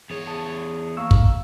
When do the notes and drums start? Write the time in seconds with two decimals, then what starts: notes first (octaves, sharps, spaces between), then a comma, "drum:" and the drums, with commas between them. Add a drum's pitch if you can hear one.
0.10 E2 G#4 C#5
0.27 G#4 A5
0.97 A#3 C#6 E6
1.11 drum: kick